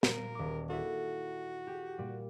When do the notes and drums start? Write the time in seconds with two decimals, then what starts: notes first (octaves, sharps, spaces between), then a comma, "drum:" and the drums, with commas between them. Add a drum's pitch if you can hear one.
0.03 A#2 A#4 D#7, drum: snare
0.35 D#1 D6
0.70 E4 F#4 A4
1.67 G4
1.98 A#2 G3